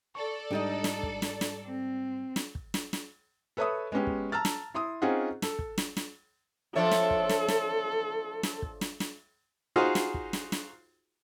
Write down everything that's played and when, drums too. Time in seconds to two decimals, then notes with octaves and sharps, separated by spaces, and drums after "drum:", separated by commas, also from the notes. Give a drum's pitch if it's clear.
0.15 A4 D5 C#6
0.51 G#2 G3 D4 D#4 D#5
0.84 drum: snare
1.03 drum: kick
1.22 drum: snare
1.41 drum: snare
1.67 C4
2.36 drum: snare
2.55 drum: kick
2.74 drum: snare
2.93 drum: snare
3.57 A4 B4 C#5 E5 B5 D#6
3.92 G#3 B3 C#4 G4
4.07 drum: kick
4.32 A5 A#5 E6 F6 A6
4.45 drum: snare
4.74 E4 C6 D#6
5.02 C4 C#4 D#4 F4 G#4 F#5
5.42 A4, drum: snare
5.59 drum: kick
5.78 drum: snare
5.97 drum: snare
6.76 F3 D4 A4 C#5 E5
6.91 drum: snare
7.10 drum: kick
7.29 drum: snare
7.48 drum: snare
8.43 drum: snare
8.62 drum: kick
8.81 drum: snare
9.00 drum: snare
9.76 D#4 F4 F#4 G#4 C5
9.95 drum: snare
10.14 drum: kick
10.33 drum: snare
10.52 drum: snare